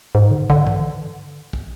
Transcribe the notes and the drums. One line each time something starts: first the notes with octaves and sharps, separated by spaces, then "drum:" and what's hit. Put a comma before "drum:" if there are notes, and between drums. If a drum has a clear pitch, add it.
G#2
D3
D3, drum: kick
E3, drum: tom
drum: kick